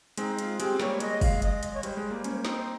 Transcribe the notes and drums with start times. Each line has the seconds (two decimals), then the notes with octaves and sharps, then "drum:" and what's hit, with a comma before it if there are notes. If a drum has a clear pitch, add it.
0.17 G#3 C4 D#4, drum: hi-hat
0.39 F4, drum: hi-hat
0.60 G#3 C4 G4, drum: hi-hat
0.75 C4
0.80 G3 A#3 C#5, drum: snare
1.00 G#3 D#5, drum: hi-hat
1.21 F5, drum: kick, open hi-hat
1.42 D#5, drum: hi-hat
1.53 D#5
1.63 D#5, drum: hi-hat
1.73 C#5
1.83 G3 C5, drum: hi-hat
1.97 G#3
2.10 G3 A#3
2.24 A#3 C#4, drum: hi-hat
2.45 C4 D#4, drum: snare
2.57 C5